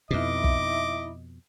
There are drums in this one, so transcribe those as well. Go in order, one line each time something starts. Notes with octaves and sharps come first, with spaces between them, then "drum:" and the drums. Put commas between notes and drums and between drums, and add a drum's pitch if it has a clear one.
F2 B2 D#4 E4 D#5 E5 D6
drum: kick